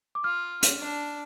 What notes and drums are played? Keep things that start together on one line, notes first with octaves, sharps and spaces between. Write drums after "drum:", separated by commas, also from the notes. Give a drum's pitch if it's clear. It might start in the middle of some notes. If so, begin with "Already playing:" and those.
D6
F4 F6
drum: hi-hat
D4